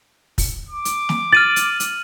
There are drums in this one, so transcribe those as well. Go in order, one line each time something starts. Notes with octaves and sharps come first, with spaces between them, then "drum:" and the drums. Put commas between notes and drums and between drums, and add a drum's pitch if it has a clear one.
drum: kick, open hi-hat
D6
drum: hi-hat
drum: snare
F6 A6 D#7 F#7
drum: hi-hat
drum: hi-hat